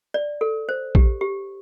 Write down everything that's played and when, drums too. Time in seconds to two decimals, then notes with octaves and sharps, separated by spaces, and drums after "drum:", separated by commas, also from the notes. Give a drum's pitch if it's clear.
0.14 D5
0.41 A4
0.69 C5
0.95 G4, drum: kick A#1
1.21 G4